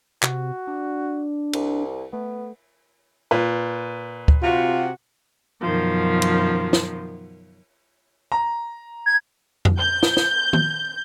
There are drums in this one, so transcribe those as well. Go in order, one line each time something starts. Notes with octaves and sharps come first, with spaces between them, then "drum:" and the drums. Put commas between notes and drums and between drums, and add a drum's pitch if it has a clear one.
C3 F#4, drum: clap
D4
C2, drum: cymbal
A3 B3
A#2 B4
drum: kick D2
C3 F4 F#4
F#2 B2 D#3 F3
drum: cymbal
drum: snare
A#5
G#6
drum: tom F2
G6
drum: snare
drum: snare
drum: tom D#3